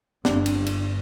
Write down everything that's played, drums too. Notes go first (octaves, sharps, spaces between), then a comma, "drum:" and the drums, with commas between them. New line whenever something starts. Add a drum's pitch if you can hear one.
G1 G2 D4, drum: snare
drum: cymbal
drum: cymbal